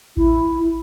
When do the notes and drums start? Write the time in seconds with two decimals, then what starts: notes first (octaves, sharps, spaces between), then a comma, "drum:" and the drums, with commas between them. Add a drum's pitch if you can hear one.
0.17 E4, drum: kick A1